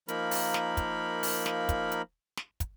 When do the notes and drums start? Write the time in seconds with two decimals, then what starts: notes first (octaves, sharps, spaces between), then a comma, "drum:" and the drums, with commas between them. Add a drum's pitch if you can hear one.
0.08 F3 A#3 D#4 A#4 B5, drum: hi-hat
0.31 drum: open hi-hat
0.54 drum: snare
0.77 drum: kick, hi-hat
1.23 drum: open hi-hat
1.46 drum: snare
1.69 drum: kick, hi-hat
1.92 drum: hi-hat
2.37 drum: snare
2.60 drum: kick, hi-hat